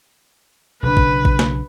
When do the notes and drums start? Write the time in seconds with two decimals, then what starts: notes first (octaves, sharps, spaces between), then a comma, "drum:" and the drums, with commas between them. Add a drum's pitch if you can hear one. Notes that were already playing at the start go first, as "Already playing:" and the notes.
0.83 B1 C#3 D4 B4
0.97 drum: kick A1
1.25 drum: kick A1
1.39 drum: snare